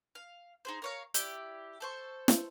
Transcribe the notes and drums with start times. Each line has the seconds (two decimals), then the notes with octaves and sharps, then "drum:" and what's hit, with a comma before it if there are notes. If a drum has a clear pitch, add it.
0.15 F5
0.65 D#4 G#4 C5
0.82 A#4 C#5 F5
1.14 E4 G4 D5, drum: hi-hat
1.80 A4 C5 C#6
2.28 drum: snare